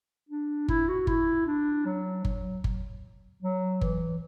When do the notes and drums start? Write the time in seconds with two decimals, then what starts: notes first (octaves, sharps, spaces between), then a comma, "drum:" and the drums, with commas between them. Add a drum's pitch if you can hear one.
0.29 D4
0.68 E4, drum: kick G1
0.88 F#4
1.07 E4, drum: kick G1
1.47 D4
1.85 F#3
2.25 F#3, drum: kick G1
2.64 drum: kick G1
3.42 F#3
3.81 E3, drum: kick G1